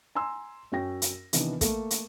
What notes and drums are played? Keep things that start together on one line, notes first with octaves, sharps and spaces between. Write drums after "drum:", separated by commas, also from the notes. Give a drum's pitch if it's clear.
G#5 A#5 C6 E6
F#2 C#4 F#4 G5 A#6
drum: hi-hat
C3 D#3 E3 B3 D4, drum: hi-hat
A3 A#3 A4, drum: kick, hi-hat
drum: hi-hat